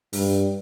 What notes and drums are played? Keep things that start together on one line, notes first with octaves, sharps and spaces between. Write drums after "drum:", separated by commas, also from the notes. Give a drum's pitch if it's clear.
G2, drum: open hi-hat